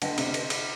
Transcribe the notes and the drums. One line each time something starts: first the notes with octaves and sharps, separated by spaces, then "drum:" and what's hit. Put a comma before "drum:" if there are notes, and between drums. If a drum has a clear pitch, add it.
D3 D4 A4 D#5 G5, drum: cymbal
C3, drum: cymbal
drum: cymbal
drum: cymbal